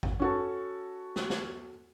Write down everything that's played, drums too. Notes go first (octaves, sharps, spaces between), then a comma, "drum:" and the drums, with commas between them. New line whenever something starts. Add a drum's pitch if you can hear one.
drum: kick
C#4 F#4 A4
drum: snare
drum: snare